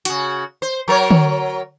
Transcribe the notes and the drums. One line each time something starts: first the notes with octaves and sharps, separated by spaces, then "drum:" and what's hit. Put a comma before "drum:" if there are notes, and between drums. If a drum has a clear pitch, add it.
C#3 F#4, drum: hi-hat
C5
F#3 A#4 C#5
drum: tom D3